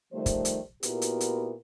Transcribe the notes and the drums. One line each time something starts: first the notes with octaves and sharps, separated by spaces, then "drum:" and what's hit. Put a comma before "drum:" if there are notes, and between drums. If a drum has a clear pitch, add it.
D#3 F3 G3 A3 C5
drum: kick, hi-hat
drum: hi-hat
A#2 B3 E4 F#4 G4 A#4, drum: hi-hat
drum: hi-hat
drum: hi-hat